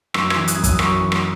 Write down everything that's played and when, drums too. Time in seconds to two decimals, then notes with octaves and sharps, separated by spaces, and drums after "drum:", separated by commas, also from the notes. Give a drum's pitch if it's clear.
0.14 F#2 C#6 E6, drum: rim click
0.30 E6 G#6, drum: rim click
0.36 E3
0.48 D#6 F#6, drum: hi-hat
0.55 F#2 G#6
0.64 D#6 F#6, drum: kick, hi-hat
0.79 F#2 C#6 E6, drum: rim click
1.01 E3
1.12 drum: rim click